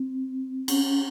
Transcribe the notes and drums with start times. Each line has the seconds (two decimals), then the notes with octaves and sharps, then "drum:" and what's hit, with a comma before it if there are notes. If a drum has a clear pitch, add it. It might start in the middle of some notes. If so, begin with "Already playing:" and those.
Already playing: C4
0.68 C#4, drum: cymbal